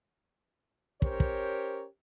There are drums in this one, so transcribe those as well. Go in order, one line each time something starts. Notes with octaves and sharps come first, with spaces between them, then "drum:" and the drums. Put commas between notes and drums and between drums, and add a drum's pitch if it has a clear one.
C#4 G4 A#4 C5 C#5, drum: kick
drum: kick